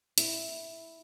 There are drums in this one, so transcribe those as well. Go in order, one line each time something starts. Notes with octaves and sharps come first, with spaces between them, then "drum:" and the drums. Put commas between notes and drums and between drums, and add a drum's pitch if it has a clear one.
E4, drum: hi-hat